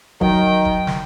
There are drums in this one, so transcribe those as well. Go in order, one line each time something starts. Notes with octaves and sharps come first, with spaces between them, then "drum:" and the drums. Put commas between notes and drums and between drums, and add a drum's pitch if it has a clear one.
D#3 F#3 G5, drum: kick
drum: kick
drum: snare